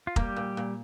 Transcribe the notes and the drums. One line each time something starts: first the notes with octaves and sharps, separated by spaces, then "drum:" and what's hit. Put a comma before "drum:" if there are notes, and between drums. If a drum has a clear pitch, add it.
F4
G3 A#3 G4, drum: kick F1
A#2
A#2